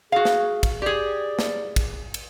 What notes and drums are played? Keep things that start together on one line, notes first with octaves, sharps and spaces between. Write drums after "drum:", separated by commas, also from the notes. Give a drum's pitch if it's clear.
F#4 G#4 F5
drum: snare
drum: kick, cymbal
G4 G#4 D5
drum: snare
drum: kick, cymbal
drum: cymbal